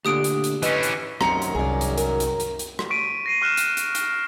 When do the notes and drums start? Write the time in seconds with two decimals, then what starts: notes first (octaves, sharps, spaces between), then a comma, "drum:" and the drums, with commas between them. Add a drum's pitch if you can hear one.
0.05 D2 A#2 D3 G4 D#6 D7
0.24 drum: hi-hat
0.44 drum: hi-hat
0.63 E3 C#4 B4 D#5, drum: hi-hat
0.83 drum: hi-hat
1.21 F#2 D#3 F#3 C4 A#5 C#7, drum: rim click
1.42 drum: hi-hat
1.55 C2 G#4 D5
1.81 drum: hi-hat
1.98 A#4, drum: hi-hat
2.20 drum: hi-hat
2.40 drum: hi-hat
2.59 drum: hi-hat
2.79 drum: rim click
2.90 C#6 B6 D7 D#7
3.26 A#6 C7 D#7
3.42 C#6 F6 F#6 A#6 E7
3.57 drum: hi-hat
3.77 drum: hi-hat
3.95 F6, drum: hi-hat